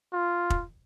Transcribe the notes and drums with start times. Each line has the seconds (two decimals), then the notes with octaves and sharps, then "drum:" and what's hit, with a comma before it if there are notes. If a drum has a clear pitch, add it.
0.13 F4
0.50 drum: kick